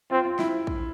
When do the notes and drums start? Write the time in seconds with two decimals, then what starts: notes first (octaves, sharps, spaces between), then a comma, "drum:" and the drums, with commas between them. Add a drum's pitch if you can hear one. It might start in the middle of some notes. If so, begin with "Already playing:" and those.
0.11 C4 F4
0.25 F4
0.39 E4, drum: snare
0.67 drum: kick A#1